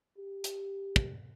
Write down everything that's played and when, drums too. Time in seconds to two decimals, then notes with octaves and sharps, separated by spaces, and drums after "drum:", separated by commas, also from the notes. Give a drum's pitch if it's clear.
0.18 G4
0.44 drum: hi-hat
0.96 drum: kick